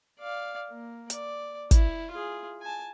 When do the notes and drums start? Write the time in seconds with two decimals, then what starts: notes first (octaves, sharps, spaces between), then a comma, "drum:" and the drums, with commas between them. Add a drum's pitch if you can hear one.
0.19 D5 F5
0.71 A#3
1.10 D5, drum: hi-hat
1.71 E4, drum: kick, hi-hat
2.10 F4 G#4
2.61 G#5 A5